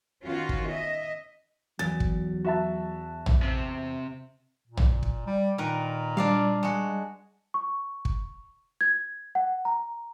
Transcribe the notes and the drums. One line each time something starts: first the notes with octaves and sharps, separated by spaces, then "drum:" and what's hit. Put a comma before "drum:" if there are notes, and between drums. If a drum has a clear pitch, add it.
D#3 B3 C#4 F4 F#4
drum: kick
D#5 E5
E2 F#3 A6
drum: kick
F#4 E5 A5
drum: tom A#1
C3
A#2
drum: tom A#1
drum: kick
G3
A#2 D#3 A#4 B4
G3 D4 D5 F5
G#3 F#4
C#6
drum: kick
G#6
F#5
A#5